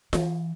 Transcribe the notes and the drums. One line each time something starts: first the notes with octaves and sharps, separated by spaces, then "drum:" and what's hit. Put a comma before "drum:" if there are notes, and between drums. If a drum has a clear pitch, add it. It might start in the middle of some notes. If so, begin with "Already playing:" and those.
E3, drum: snare F4